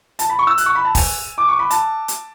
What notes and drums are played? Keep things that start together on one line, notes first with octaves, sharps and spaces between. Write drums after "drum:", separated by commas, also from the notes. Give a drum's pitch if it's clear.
A5, drum: hi-hat
B5
C#6
E6
F#6, drum: hi-hat
C#6
B5
A5
G#5, drum: kick, open hi-hat
D6
C#6
B5
A5, drum: hi-hat
drum: hi-hat